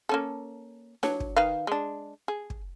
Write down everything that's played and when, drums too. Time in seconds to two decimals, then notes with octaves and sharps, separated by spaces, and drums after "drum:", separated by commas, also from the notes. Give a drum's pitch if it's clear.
0.09 A#3 C#4 A4
1.03 F#3 D4 C#5, drum: snare
1.20 drum: kick
1.36 D#3 B4 F5
1.67 G#3 D4
2.28 G#4
2.50 drum: kick